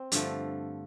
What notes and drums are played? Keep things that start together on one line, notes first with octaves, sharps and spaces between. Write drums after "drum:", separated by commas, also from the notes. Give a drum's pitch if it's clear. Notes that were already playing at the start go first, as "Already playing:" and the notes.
Already playing: C4
G2 D3 F3 A3, drum: hi-hat